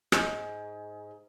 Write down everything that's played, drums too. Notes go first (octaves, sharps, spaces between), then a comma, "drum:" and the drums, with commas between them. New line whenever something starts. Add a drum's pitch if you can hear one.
G#2, drum: rim click